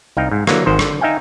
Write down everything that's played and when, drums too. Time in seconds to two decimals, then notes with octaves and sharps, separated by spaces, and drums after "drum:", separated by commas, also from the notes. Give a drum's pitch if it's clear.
0.17 C2 D#4 F5 G5
0.31 G#2
0.47 D3 E3 F#3 A#3, drum: rim click
0.66 G#1 G#2 D#3 C5
0.79 D3, drum: rim click
1.01 D#4 E5 F5 G5 G#5